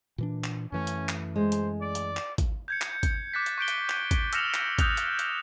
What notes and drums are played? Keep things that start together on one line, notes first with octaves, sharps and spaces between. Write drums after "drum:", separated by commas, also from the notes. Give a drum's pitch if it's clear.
A#2 E3 D4
drum: clap
F#2 E3 A3 C#4
drum: hi-hat
drum: clap
G#3 C5
drum: hi-hat
D5
drum: hi-hat
drum: clap
drum: kick G#1, hi-hat
G6 G#6 C#7
drum: clap
drum: kick G#1, hi-hat
D6 F#6 A6 B6
drum: hi-hat
C#6 G6 D7 G7
drum: hi-hat
drum: clap
drum: kick G#1, hi-hat
E6 F6 A#6 C#7 E7 F7, drum: hi-hat
drum: clap
D#6 F#6 G6 A6 F7, drum: kick G#1, hi-hat
drum: hi-hat
drum: hi-hat